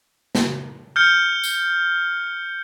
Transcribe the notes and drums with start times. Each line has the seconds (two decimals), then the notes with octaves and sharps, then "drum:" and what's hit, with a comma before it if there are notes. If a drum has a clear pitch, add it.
0.35 drum: snare
0.96 F6 G6 C#7
1.44 drum: tambourine